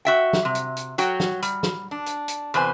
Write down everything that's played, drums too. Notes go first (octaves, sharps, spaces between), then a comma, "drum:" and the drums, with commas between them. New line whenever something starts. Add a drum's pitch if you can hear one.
F#4 E5 G5
drum: snare
C3
drum: hi-hat
drum: hi-hat
F#3 F#4 G5, drum: hi-hat
drum: snare
G3, drum: hi-hat
drum: snare
D4
drum: hi-hat
drum: hi-hat
E2 C3 B4 C5 G#5